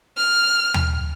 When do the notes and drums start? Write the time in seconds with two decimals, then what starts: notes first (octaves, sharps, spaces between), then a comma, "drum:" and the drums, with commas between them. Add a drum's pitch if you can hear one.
0.17 F6
0.74 drum: tom D#2